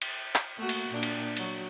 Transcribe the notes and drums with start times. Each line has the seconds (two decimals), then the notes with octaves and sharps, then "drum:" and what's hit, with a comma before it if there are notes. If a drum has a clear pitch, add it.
0.02 drum: cymbal
0.35 drum: clap
0.58 A3 A#3 F#4
0.69 drum: cymbal
0.90 A#2 D4
1.03 drum: cymbal
1.37 F#3 F#4, drum: cymbal